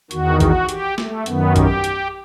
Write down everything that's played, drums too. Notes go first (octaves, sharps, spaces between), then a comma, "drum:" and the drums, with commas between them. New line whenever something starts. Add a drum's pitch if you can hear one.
E2 D#3 F#4, drum: hi-hat
F#4, drum: kick A#1, hi-hat
G4, drum: hi-hat
A3, drum: snare
F#2 D#3 B3, drum: hi-hat
G4, drum: kick A#1, hi-hat
drum: hi-hat